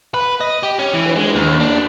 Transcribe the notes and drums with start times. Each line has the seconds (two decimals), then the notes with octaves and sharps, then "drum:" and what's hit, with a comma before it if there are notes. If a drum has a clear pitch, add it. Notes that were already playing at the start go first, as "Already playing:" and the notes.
0.14 B4
0.41 D#5
0.63 G4
0.79 C#4
0.93 E3
1.05 drum: cymbal
1.16 G#3
1.35 D#2
1.60 D4